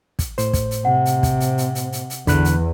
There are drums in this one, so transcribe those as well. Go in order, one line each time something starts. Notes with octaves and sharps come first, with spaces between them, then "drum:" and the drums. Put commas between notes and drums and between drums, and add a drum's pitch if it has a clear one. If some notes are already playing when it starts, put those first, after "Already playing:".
drum: kick, hi-hat
A2 C5, drum: hi-hat
drum: kick, hi-hat
drum: hi-hat
C3 F#5
drum: hi-hat
drum: kick, hi-hat
drum: hi-hat
drum: hi-hat
drum: hi-hat
drum: hi-hat
drum: hi-hat
E2 D3 B5 F#6, drum: kick, hi-hat
drum: hi-hat